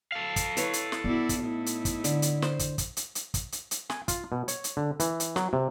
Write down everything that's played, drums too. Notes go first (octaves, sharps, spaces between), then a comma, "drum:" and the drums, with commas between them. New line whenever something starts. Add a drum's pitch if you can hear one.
A4 F5
drum: kick, hi-hat
E4 B4 C#5, drum: hi-hat
drum: hi-hat
drum: snare
B3 E4 F#4 D5
drum: kick, hi-hat
A2 D#4 E4
drum: hi-hat
drum: kick, hi-hat
D3, drum: hi-hat
drum: hi-hat
C5, drum: snare
drum: kick, hi-hat
drum: kick, hi-hat
drum: hi-hat
drum: hi-hat
drum: kick, hi-hat
drum: hi-hat
drum: hi-hat
G#5, drum: snare
F4, drum: kick, hi-hat
B2
C#5, drum: hi-hat
drum: hi-hat
D3
E3, drum: hi-hat
drum: hi-hat
F#3, drum: snare
C3